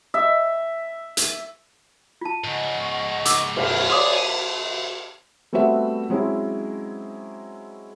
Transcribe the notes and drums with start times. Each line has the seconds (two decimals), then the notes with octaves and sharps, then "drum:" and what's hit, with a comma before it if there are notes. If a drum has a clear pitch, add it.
0.14 E5
1.17 drum: hi-hat
2.21 F4 A5
2.44 G#2 C#3 D#5 F#5 C#6
3.25 D6 E6, drum: hi-hat
3.56 F#2 B2 F6, drum: cymbal
3.90 G#4 C#5 D5 F5 C6 D6 D#6
5.53 G3 A3 B3 C4 F#4 E5
6.10 F#3 G#3 C4 C#4 E4